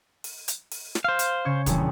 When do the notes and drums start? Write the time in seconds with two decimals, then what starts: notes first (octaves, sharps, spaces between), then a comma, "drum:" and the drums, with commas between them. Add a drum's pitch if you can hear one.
0.24 drum: open hi-hat
0.48 drum: hi-hat
0.71 drum: open hi-hat
0.95 drum: snare
1.04 C5 F5
1.19 drum: hi-hat
1.45 C#3 C#6 G#6
1.66 A#1 E2 G3, drum: kick, hi-hat